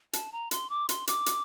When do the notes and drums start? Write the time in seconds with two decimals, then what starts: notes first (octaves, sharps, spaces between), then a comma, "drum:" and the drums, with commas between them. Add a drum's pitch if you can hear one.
0.13 A5, drum: hi-hat
0.32 A#5
0.51 C6, drum: hi-hat
0.70 D6
0.89 C6, drum: hi-hat
1.07 D6, drum: hi-hat
1.26 drum: hi-hat